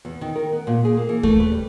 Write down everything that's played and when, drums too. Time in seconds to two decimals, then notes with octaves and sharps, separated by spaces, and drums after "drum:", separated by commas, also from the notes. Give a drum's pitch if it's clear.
0.05 E2
0.21 D#3
0.36 A#4
0.52 B3
0.67 A#2
0.85 G#4
0.97 A#3
1.09 E3
1.23 A3, drum: kick D#2
1.40 B4
1.52 G3